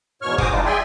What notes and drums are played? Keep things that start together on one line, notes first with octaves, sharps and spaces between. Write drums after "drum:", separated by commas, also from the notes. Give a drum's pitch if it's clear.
E2 G#2 B2 C#5 C#6 F6
G#2 F#4 G#4 C5 D6 D#6, drum: kick
E3 G3 D4 D#4 F4
G#4 D5 E5 G5 G#5 C6